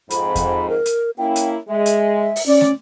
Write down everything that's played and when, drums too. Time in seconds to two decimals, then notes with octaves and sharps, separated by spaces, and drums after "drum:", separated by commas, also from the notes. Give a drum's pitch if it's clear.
0.10 F2 G#2 B5, drum: hi-hat
0.35 drum: kick E2, hi-hat
0.69 A#4
0.86 drum: hi-hat
1.18 A#3 C#4 E4 G5
1.36 drum: hi-hat
1.69 G#3 E5
1.86 drum: hi-hat
2.36 drum: open hi-hat
2.46 C#4 D5
2.61 drum: snare